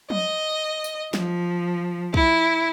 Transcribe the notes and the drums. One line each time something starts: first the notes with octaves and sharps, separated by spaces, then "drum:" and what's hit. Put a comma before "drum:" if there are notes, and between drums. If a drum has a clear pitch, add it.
D#5, drum: tom F3
drum: tambourine
F3, drum: snare
E4, drum: kick